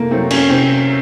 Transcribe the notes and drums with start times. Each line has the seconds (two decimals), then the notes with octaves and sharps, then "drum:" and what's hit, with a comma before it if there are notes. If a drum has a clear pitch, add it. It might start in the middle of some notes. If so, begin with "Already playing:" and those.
Already playing: C3 A3 A#3
0.11 F#3 A3 C4
0.31 C#4, drum: cymbal
0.49 C3 C4